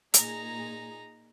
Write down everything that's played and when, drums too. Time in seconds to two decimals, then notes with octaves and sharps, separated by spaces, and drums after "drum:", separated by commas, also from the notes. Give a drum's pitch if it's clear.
0.14 A#2 D#4 G#4 A#5, drum: hi-hat